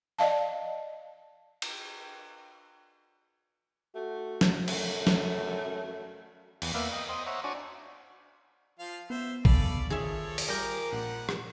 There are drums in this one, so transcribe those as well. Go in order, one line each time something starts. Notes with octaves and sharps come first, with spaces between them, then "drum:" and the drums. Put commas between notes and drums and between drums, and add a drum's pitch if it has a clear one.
D5 D#5 F5 A5
drum: cymbal
A3 F#4
drum: snare
F#2 A3, drum: cymbal
drum: snare
E2, drum: cymbal
A#3 B3 D5 E5 F5
D#5 G5
C5 D#5 G5
C5 C#5 E5 F#5 A#5
D4 F#4 C#5 D5 G#5
F3 F4 F5
B3 C5 E5
C#4 G#4 A4 D5 F5 B5, drum: kick
D#3 F3 G#4 A4 C#5 E5
drum: open hi-hat
G3 A#4 G5 G#5 A#5 D6
A#1 G3 G#3 F#5
drum: rim click